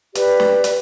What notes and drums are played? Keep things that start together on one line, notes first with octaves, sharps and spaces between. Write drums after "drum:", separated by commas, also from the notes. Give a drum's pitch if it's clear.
G4 B4 D5, drum: hi-hat
drum: snare
drum: hi-hat